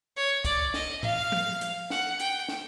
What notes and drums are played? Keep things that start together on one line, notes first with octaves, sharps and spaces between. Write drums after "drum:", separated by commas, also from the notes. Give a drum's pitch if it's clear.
C#5
D5, drum: kick, hi-hat
D#5, drum: snare
F5, drum: tom A2
drum: tom F3
drum: hi-hat
F#5, drum: snare
G5, drum: hi-hat
drum: snare